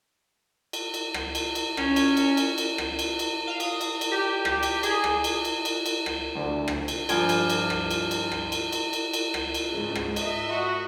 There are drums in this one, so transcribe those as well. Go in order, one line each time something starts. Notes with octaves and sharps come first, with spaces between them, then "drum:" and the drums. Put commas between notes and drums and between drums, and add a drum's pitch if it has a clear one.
drum: cymbal
drum: cymbal
drum: rim click
drum: cymbal
drum: cymbal
C#4, drum: rim click
drum: cymbal
drum: cymbal
drum: cymbal
drum: cymbal
drum: rim click
drum: cymbal
drum: cymbal
F5
D#6, drum: cymbal
drum: cymbal
drum: cymbal
G4
G4, drum: rim click
drum: cymbal
G#4, drum: cymbal
drum: rim click
drum: cymbal
drum: cymbal
drum: cymbal
drum: cymbal
drum: rim click
D2
drum: rim click
drum: cymbal
G2 F3 F4 G#5 G#6 D7, drum: cymbal
drum: cymbal
drum: cymbal
drum: rim click
drum: cymbal
drum: cymbal
drum: rim click
drum: cymbal
drum: cymbal
drum: cymbal
drum: cymbal
drum: rim click
drum: cymbal
G#2 C#3
drum: rim click
D#5 E5, drum: cymbal
F#4